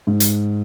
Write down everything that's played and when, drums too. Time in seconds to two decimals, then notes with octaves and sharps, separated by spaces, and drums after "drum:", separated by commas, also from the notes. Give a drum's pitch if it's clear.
0.07 G#2
0.20 drum: hi-hat